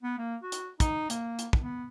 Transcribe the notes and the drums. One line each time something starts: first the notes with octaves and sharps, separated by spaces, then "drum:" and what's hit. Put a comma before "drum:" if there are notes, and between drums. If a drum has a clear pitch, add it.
B3
A#3
F#4
drum: hi-hat
D#4, drum: kick, hi-hat
A#3, drum: hi-hat
drum: hi-hat
drum: kick
B3